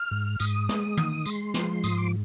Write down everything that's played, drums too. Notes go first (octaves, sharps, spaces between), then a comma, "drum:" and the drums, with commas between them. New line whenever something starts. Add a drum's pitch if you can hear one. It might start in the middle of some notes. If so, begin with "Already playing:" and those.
Already playing: F6
G#2
G#2 D#6, drum: tambourine
G#3, drum: snare
D#3, drum: tom
G#3 C6, drum: tambourine
F3, drum: snare
G#2 D#6, drum: tambourine
D6